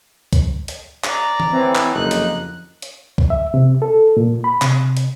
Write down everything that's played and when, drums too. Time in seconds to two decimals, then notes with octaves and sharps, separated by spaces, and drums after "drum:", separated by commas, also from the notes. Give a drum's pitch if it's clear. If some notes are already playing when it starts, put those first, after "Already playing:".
0.33 drum: kick C2, hi-hat
0.68 drum: hi-hat
1.04 D5 A#5, drum: clap
1.40 drum: tom
1.53 A2 E3 C4
1.75 drum: clap
1.94 F#1 F2 D3 D#4 F#6
2.11 drum: hi-hat
2.82 drum: hi-hat
3.18 drum: kick C2
3.30 E5
3.54 C3
3.82 A4
4.17 A#2
4.44 B5
4.62 C3, drum: clap
4.97 drum: hi-hat